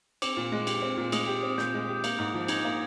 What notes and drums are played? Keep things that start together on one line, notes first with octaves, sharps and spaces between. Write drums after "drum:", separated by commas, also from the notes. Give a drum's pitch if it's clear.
C4 D6, drum: cymbal
A#2
G#3
G4, drum: cymbal
C4
A#2
G#3 D#6, drum: cymbal
G4
C4
A#2 G6, drum: snare
G#3
G4
A#3, drum: cymbal
G#2
F3
D#4 G#6, drum: cymbal
A#3